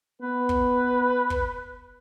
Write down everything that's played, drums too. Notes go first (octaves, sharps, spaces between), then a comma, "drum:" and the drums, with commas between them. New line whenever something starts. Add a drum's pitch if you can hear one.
B3 B4
drum: kick
drum: kick